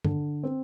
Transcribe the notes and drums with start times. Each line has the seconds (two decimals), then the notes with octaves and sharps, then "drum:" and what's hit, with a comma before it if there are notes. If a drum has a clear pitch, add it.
0.04 D3, drum: tom G2
0.43 C4